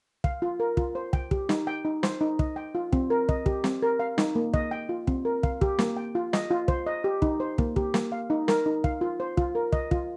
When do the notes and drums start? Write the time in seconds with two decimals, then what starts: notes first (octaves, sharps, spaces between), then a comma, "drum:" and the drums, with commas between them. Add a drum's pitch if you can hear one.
0.24 F5, drum: kick
0.42 F4
0.60 A#4
0.77 F4, drum: kick
0.95 C5
1.13 G5, drum: kick
1.31 G4, drum: kick
1.49 D#4, drum: snare
1.67 G5
1.85 D#4
2.03 C5, drum: snare
2.21 D#4
2.39 D#5, drum: kick
2.56 G5
2.75 F4
2.93 C4, drum: kick
3.10 A#4
3.29 D#5, drum: kick
3.46 G4, drum: kick
3.64 C4, drum: snare
3.82 A#4
4.00 F5
4.18 D#4, drum: snare
4.36 A#3
4.54 D#5, drum: kick
4.71 G5
4.89 F4
5.07 C4, drum: kick
5.25 A#4
5.43 F5, drum: kick
5.61 G4, drum: kick
5.79 A#3, drum: snare
5.97 G5
6.15 F4
6.33 D#5, drum: snare
6.51 F4
6.68 C5, drum: kick
6.86 D#5
7.04 G4
7.22 D#4, drum: kick
7.40 C5
7.58 A#3, drum: kick
7.76 G4, drum: kick
7.94 A#3, drum: snare
8.12 F5
8.30 D#4
8.48 A#4, drum: snare
8.66 D#4
8.84 F5, drum: kick
9.01 F4
9.20 C5
9.37 F4, drum: kick
9.55 A#4
9.72 D#5, drum: kick
9.91 F4, drum: kick